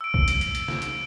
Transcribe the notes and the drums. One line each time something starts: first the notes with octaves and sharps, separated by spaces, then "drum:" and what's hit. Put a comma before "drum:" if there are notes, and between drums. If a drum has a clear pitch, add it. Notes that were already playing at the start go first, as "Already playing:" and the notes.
E6 D7
drum: kick
drum: hi-hat
drum: hi-hat
drum: hi-hat
drum: snare
drum: hi-hat